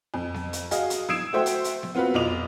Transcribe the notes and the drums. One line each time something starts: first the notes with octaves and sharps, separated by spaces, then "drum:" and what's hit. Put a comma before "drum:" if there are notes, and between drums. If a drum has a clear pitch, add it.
F2
drum: snare B3
drum: hi-hat
F#4 G#4 D#5 F5, drum: hi-hat
drum: hi-hat
D#6 E6 G#6 C7 D7 E7, drum: snare B3
A3 F#4 C5 E5 G5
drum: hi-hat
drum: hi-hat
drum: snare B3
B3 C4 F4 F#4 B4
F1 B1 F4 D#5 D6 F7